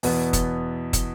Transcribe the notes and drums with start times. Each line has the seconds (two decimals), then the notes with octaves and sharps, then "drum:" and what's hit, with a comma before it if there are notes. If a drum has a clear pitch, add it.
0.03 E2 B2 B3, drum: open hi-hat
0.33 drum: kick, hi-hat
0.93 drum: kick, hi-hat